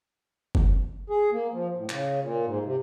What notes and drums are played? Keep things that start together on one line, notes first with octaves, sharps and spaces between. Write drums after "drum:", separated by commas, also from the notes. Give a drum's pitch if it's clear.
drum: kick
G#4
A#3
F3
A2
C#3, drum: clap
A#2
G#2
C3